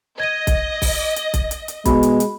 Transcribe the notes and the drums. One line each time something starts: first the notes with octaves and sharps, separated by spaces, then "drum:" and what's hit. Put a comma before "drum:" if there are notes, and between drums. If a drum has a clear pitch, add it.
D#5 G#6 D#7
drum: kick, hi-hat
drum: kick, open hi-hat
drum: hi-hat
drum: kick, hi-hat
drum: hi-hat
drum: hi-hat
B2 G#3 B5, drum: kick, hi-hat
drum: hi-hat
drum: hi-hat